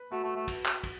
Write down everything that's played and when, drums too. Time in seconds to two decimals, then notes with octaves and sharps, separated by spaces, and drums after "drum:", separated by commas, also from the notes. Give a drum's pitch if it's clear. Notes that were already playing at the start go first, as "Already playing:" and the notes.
Already playing: B4
0.12 A3 F#4
0.24 A3
0.36 A3
0.48 drum: kick, cymbal
0.66 drum: clap
0.84 drum: kick, cymbal